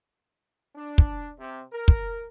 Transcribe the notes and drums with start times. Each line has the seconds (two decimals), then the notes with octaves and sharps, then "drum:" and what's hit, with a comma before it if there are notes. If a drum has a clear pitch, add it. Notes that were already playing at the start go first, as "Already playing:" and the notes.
0.76 D4
0.98 drum: kick
1.39 C3
1.73 A#4
1.88 drum: kick